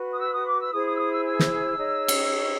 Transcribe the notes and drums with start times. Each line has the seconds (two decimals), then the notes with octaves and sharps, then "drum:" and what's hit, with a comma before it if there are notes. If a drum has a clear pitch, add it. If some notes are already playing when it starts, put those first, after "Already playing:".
Already playing: F#4 B4
0.12 D#6
0.19 E6
0.32 D#6
0.46 D6
0.58 E6
0.71 E4 G#4 C5 D#6
0.85 D#6
0.93 E6
0.98 D#6
1.10 E6
1.24 E6
1.39 drum: snare
1.75 D#4 G#4 C#5
2.08 drum: cymbal